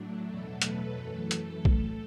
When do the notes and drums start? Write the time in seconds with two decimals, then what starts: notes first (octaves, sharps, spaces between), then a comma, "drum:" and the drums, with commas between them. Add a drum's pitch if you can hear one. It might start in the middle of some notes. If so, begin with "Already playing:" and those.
Already playing: A2 F#3 A3 D4
0.27 E2 B2 F#3 A3 A4
0.62 B4, drum: hi-hat
0.96 F#2 E3 A3 A4
1.31 A4, drum: hi-hat
1.65 A2 A3 A4, drum: kick A#1